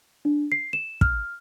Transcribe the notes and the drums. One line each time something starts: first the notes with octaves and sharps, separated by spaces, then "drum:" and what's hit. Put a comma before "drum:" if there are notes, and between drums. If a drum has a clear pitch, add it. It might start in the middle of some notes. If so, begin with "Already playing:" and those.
D4
C7
E7
F6, drum: kick